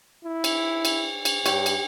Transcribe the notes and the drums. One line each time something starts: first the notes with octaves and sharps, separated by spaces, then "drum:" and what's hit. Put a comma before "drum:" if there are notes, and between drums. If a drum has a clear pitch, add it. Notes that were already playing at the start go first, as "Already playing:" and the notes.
E4
drum: cymbal
drum: cymbal
drum: cymbal
G2 G4 C#5, drum: cymbal
drum: cymbal